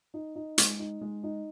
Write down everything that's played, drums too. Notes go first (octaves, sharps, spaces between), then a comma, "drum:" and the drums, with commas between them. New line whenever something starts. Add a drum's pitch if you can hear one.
D#4
D#4
G#3, drum: hi-hat
D#4
G#3
D#4